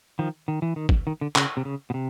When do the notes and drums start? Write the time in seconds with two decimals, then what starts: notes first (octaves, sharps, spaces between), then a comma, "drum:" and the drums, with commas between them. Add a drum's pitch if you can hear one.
0.19 D#3 F3
0.48 D#3
0.62 E3
0.76 D#3
0.89 drum: kick
1.07 D#3
1.21 D3
1.36 C#3, drum: clap
1.57 C3
1.65 C#3
1.90 B2
1.94 C3